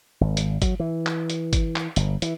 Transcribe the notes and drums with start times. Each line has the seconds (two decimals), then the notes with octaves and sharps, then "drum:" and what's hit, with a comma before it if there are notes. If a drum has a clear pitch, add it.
0.21 G#1
0.37 drum: hi-hat
0.62 F#3, drum: kick G1, hi-hat
0.80 E3
1.06 drum: clap
1.30 drum: hi-hat
1.53 drum: kick G1, hi-hat
1.76 drum: clap
1.96 G1, drum: hi-hat
2.22 E3, drum: hi-hat